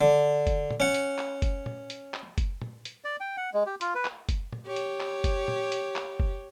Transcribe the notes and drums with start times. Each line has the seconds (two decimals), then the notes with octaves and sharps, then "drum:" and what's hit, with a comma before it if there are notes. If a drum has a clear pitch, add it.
0.01 D3
0.47 drum: kick F#1, hi-hat
0.71 drum: tom
0.80 C#4 F#5
0.94 drum: hi-hat
1.18 drum: clap
1.42 drum: kick F#1, hi-hat
1.66 drum: tom
1.90 drum: hi-hat
2.14 drum: clap
2.38 drum: kick F#1, hi-hat
2.62 drum: tom
2.85 drum: hi-hat
3.04 D5
3.20 G5
3.37 F#5
3.54 G#3
3.66 G4
3.81 F4, drum: hi-hat
3.95 B4
4.05 drum: clap
4.29 drum: kick F#1, hi-hat
4.52 drum: tom
4.66 G4 C#5
4.76 drum: hi-hat
5.00 drum: clap
5.24 drum: kick F#1, hi-hat
5.48 drum: tom
5.72 drum: hi-hat
5.96 drum: clap
6.20 drum: kick F#1